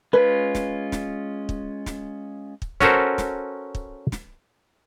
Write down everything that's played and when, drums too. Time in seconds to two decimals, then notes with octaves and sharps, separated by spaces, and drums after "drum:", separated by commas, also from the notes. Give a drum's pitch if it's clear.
0.13 G#3 C#4 F4 B4
0.55 drum: snare
0.92 drum: snare
1.49 drum: kick
1.86 drum: snare
2.62 drum: kick
2.80 C#4 F#4 A4 A#4 C5, drum: snare
3.18 drum: snare
3.75 drum: kick
4.12 drum: snare